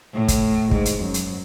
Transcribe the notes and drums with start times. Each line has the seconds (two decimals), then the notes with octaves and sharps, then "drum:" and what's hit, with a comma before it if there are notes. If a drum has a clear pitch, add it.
0.14 A2
0.28 drum: kick, hi-hat
0.71 G#2, drum: kick
0.85 drum: hi-hat
1.00 F#2
1.14 drum: hi-hat